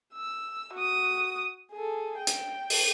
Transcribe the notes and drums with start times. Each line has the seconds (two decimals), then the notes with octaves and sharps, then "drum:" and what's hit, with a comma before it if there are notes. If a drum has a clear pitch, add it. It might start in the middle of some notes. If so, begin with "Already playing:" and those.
0.14 E6
0.74 F#4 D#6
1.72 G#4 A4
2.18 G5
2.27 drum: hi-hat
2.70 drum: open hi-hat